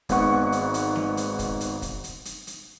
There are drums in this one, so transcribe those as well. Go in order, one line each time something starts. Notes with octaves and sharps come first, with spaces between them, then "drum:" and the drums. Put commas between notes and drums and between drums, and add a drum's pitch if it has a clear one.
G#1 G#2 B3 F#5 C#6, drum: kick, hi-hat
drum: hi-hat
drum: hi-hat
drum: snare
drum: hi-hat
drum: kick, hi-hat
drum: hi-hat
drum: kick, hi-hat
drum: hi-hat
drum: hi-hat
drum: hi-hat